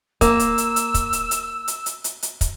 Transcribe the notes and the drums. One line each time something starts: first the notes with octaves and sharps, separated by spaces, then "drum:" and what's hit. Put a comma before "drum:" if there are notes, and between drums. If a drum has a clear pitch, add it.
A#3 E6, drum: kick, hi-hat
drum: hi-hat
drum: hi-hat
drum: hi-hat
drum: kick, hi-hat
drum: hi-hat
drum: hi-hat
drum: hi-hat
drum: hi-hat
drum: hi-hat
drum: hi-hat
drum: kick, hi-hat